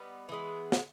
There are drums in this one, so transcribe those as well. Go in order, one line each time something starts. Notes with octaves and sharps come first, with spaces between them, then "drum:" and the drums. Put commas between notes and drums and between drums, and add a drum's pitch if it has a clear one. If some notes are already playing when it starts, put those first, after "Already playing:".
Already playing: G3 B3 D#4
E3 G#3 B3
drum: snare